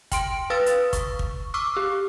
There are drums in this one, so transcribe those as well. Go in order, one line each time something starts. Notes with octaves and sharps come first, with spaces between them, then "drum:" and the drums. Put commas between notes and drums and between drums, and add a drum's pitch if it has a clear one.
G5 C6 D7, drum: kick, hi-hat
B4 F5 D#6 E6 A6
drum: hi-hat
C#6, drum: kick, hi-hat
drum: kick
C#6 D6 E6 F6
G4